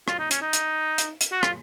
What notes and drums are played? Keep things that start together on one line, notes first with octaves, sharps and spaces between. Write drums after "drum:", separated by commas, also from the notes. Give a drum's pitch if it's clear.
F4, drum: rim click
D#4
C#4, drum: hi-hat
D#4
drum: hi-hat
drum: hi-hat
drum: hi-hat
F#4
F4, drum: rim click